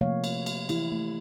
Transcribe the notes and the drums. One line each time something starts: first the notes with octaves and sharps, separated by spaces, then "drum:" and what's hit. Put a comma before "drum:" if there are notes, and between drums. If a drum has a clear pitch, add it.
C3 F3 A3 A#3 C#5 F5
drum: cymbal
drum: cymbal
E3 E4 G4, drum: cymbal
A3